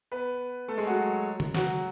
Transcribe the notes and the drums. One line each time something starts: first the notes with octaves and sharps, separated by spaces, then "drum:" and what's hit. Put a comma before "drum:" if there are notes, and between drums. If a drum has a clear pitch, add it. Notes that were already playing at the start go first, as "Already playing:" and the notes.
B3 B4
A3 A4
G#3 G#4
F#3 F#4
drum: tom C#3
F#3 F#4, drum: snare